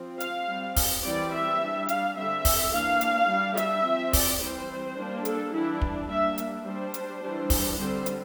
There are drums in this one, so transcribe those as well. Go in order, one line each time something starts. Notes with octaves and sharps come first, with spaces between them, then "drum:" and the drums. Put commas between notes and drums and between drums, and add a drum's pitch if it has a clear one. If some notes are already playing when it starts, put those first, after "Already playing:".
Already playing: F3 C4
F5, drum: hi-hat
G3 C4
drum: kick, open hi-hat
E3 G3 C4 D5
E5
G3 D4
F5, drum: hi-hat
D3 G3 C4 E5
drum: kick, open hi-hat
E3 A#3 D4 F5
drum: hi-hat
G3 D4
E5, drum: hi-hat
F3 C4
D5, drum: kick, open hi-hat
E3 G3 C4 C5
G3 A#3 D4
A4, drum: hi-hat
E3 G3 D4 E4
drum: kick
G3 A#3 D4 E5
drum: hi-hat
G3 D4 C5
drum: hi-hat
E3 G3 D4
drum: kick, open hi-hat
D3 G3 C4 C5
drum: hi-hat